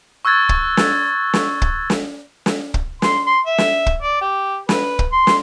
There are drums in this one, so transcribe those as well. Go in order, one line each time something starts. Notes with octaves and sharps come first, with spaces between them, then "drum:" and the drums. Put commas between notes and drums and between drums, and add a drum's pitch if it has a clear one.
C#6 E6 F#6 G#6 A6
drum: kick
drum: snare
drum: snare
drum: kick
drum: snare
drum: snare
drum: kick
C6, drum: snare
C6
E5
drum: snare
drum: kick
D5
G4
B4, drum: snare
drum: kick
C6
drum: snare